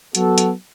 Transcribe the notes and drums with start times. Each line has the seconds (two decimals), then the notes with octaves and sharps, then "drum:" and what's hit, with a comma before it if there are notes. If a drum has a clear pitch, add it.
0.15 F#3 B3 F#4 A4, drum: hi-hat
0.38 drum: hi-hat